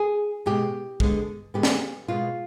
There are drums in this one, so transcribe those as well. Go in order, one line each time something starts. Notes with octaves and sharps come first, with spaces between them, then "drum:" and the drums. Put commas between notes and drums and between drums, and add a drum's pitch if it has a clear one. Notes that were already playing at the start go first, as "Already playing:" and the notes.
Already playing: G#4
B2 G#3 B3 G4
D3 G#3 B3, drum: kick
D3 G#3 B3 G4
drum: snare
B2 G#3 B3 F4